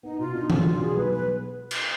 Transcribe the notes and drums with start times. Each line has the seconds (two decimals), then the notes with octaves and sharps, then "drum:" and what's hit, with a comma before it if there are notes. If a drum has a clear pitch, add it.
0.03 B3 D#4
0.19 B2 F4
0.34 D4 D#4
0.50 D4 F4, drum: tom E3
0.65 B2 F4
0.81 B2 G#4
0.96 B1 B4
1.12 B4
1.71 drum: cymbal